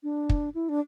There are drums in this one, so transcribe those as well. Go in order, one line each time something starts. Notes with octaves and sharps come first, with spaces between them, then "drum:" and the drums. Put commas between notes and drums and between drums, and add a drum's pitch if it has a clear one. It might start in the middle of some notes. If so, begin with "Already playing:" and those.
D4
drum: kick
E4
D4